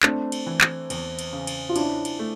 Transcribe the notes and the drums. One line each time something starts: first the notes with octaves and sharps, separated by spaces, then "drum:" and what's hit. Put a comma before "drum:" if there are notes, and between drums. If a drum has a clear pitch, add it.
A3 C4 D4, drum: clap
drum: cymbal
E3
drum: clap
E2, drum: cymbal
drum: cymbal
C#3
drum: cymbal
F4
C#4 D4 E4, drum: cymbal
drum: cymbal
A3